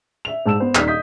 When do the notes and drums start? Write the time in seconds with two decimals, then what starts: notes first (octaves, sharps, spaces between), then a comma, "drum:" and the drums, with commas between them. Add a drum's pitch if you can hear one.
0.25 E5 F7
0.46 G#2 A5 E6 E7
0.60 B3 C5
0.75 D#1 D#4 D5 B6, drum: clap
0.88 D#5 D#6 G6 B6